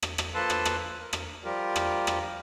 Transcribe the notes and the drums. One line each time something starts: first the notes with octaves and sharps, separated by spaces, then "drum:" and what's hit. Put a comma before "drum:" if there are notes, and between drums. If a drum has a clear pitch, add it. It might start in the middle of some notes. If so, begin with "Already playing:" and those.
drum: rim click
drum: rim click
F3 A#3 A4 B4 A5 C6
drum: rim click
drum: rim click
A#4
drum: rim click
F3 G3 F4 G4 A#4
drum: rim click
drum: rim click